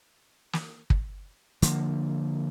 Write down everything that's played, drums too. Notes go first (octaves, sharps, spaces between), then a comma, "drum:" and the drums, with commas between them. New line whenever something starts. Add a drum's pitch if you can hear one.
drum: snare
drum: kick
D3 F3 A#3, drum: hi-hat